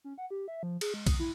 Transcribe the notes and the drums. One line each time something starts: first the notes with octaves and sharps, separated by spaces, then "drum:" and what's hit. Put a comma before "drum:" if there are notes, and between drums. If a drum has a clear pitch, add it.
C#4
F#5
G4
E5
F3
G#4, drum: cymbal
G#3
D#6, drum: kick, cymbal
E4